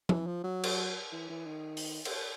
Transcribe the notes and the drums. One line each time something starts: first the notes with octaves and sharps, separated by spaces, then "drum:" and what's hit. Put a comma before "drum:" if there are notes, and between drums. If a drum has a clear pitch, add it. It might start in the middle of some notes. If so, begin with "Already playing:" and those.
E3, drum: tom F3
F3
F#3
drum: cymbal
E3
E3
D#3
drum: open hi-hat
drum: cymbal